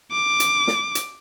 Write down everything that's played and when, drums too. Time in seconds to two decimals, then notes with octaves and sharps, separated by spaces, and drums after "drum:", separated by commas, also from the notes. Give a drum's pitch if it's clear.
0.12 D6
0.40 drum: hi-hat
0.67 drum: snare
0.95 drum: hi-hat